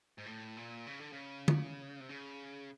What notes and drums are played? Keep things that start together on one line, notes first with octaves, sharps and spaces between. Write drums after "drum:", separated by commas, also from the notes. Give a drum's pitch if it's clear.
G#2
A2
A#2
C#3
D3
C#3
drum: tom
C3
C#3